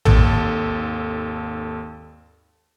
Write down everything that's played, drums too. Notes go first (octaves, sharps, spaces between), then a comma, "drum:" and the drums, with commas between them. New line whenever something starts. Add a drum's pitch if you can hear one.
G#1 D#2 A4, drum: tom A1